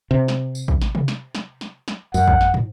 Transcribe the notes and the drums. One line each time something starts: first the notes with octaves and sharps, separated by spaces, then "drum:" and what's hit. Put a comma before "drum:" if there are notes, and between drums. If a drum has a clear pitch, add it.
C3
drum: snare
drum: tambourine
drum: kick
drum: snare
drum: tom C3
drum: snare
drum: snare
drum: snare
drum: snare
F#2 F#5, drum: tambourine
drum: kick
drum: snare
drum: tom